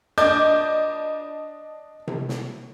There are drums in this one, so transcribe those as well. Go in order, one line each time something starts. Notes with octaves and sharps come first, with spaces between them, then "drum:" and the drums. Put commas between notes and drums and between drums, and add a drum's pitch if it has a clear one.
D4 D#5 D6 G6, drum: cymbal
drum: tom C3
drum: snare